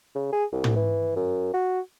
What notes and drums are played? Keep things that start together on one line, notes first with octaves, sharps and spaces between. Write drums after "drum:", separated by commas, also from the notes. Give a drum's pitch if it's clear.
C#3
G#4
C2
drum: tom
E3
F#2
F#4